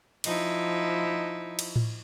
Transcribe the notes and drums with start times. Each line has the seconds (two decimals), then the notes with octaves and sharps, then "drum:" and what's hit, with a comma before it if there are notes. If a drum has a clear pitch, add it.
0.24 F3 D#4 E4, drum: cymbal
1.59 drum: cymbal
1.76 drum: tom A2